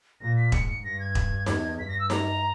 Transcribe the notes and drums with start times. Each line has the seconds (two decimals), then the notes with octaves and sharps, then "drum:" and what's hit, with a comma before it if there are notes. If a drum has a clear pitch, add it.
0.21 A#2 A#6
0.36 B6
0.52 G#2 C#7, drum: kick E1
0.68 C#7
0.84 G2 A#6
1.00 G#6
1.15 drum: kick E1
1.46 E2, drum: snare D#4
1.79 G2 B6
1.89 A#6
1.99 E6
2.10 A#5, drum: snare D#4